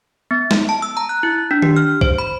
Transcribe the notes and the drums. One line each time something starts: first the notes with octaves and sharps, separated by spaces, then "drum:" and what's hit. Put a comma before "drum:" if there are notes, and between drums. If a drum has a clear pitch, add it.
B3
drum: snare
A5
E6
A#5
F#6
E4
D4
G4, drum: tom D#3
F6
C5, drum: kick
B5